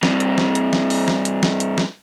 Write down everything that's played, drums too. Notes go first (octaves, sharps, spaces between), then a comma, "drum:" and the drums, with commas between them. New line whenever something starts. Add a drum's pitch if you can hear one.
G2 C3, drum: snare
drum: hi-hat
drum: snare
drum: hi-hat
drum: snare
drum: open hi-hat
drum: snare
drum: hi-hat
drum: snare
drum: hi-hat
drum: snare